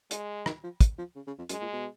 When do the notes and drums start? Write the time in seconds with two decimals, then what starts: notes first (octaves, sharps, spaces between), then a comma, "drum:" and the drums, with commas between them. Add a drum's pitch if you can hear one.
0.11 G#3, drum: hi-hat
0.46 D#3, drum: rim click
0.63 F3
0.81 drum: kick, hi-hat
0.98 F3
1.16 C#3
1.27 C#3
1.38 F2
1.49 F#2 G#3, drum: hi-hat
1.61 A#2
1.73 B2